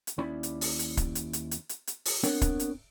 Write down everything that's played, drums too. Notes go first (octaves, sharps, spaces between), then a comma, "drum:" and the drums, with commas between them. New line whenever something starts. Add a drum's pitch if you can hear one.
drum: hi-hat
D#2 C#4 E4 D5 B5
drum: hi-hat
drum: open hi-hat
drum: hi-hat
drum: kick, hi-hat
drum: hi-hat
drum: hi-hat
drum: hi-hat
drum: hi-hat
drum: hi-hat
drum: open hi-hat
B3 C4 D4 A#4 C#5, drum: hi-hat
drum: kick, hi-hat
drum: hi-hat